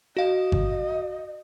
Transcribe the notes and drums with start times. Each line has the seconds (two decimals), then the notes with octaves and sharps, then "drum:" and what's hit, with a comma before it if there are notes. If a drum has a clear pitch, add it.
0.17 F#4 D#5 F5
0.52 drum: kick G#1